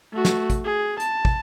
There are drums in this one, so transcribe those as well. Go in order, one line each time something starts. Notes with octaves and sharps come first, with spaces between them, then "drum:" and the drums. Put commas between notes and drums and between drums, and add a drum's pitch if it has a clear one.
A3 F#4
drum: snare
drum: kick, hi-hat
G#4
A5, drum: hi-hat
drum: kick